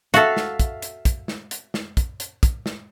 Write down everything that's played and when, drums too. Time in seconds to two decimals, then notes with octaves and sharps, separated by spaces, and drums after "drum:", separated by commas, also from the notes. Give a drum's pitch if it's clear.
0.14 F#4 A4 E5 F5, drum: hi-hat
0.37 drum: snare
0.60 drum: kick, hi-hat
0.82 drum: hi-hat
1.05 drum: kick, hi-hat
1.28 drum: snare
1.51 drum: hi-hat
1.74 drum: snare
1.97 drum: kick, hi-hat
2.20 drum: hi-hat
2.43 drum: kick, hi-hat
2.66 drum: snare